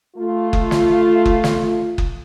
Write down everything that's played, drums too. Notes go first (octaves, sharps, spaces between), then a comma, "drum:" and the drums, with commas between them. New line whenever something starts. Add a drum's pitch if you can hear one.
A3 F4
drum: kick F#1
drum: snare
drum: kick F#1
drum: snare
drum: kick F#1